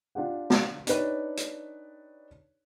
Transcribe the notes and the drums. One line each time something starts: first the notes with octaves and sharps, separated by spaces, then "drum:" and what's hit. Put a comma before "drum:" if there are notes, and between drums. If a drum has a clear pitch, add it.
D4 F4 G4 F#5
drum: snare
D4 D#4 G4 B4 C#5 D5, drum: hi-hat
drum: hi-hat